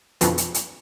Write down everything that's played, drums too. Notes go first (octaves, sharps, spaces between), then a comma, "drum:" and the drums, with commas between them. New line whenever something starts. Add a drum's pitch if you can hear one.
F2 B2 D3 E3 F3 B3, drum: hi-hat
drum: hi-hat
drum: hi-hat